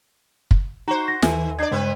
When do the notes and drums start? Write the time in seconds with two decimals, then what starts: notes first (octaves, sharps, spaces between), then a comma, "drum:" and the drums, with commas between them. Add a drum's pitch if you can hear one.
0.51 drum: kick
0.88 D#4 F#4 C5 A#5
1.08 A#6
1.22 D#2 D#3 A4 E5 G#5, drum: snare
1.59 D4 D5 G#6 C7
1.71 G2 C#3 G#3 B3 C4 B4